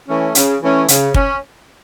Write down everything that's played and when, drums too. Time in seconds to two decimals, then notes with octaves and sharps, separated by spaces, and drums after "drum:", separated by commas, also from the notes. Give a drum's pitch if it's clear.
0.08 E3 A3 C#4
0.35 C#3, drum: hi-hat
0.62 E3 A3 C#4
0.88 C#3, drum: hi-hat
1.14 C#4, drum: kick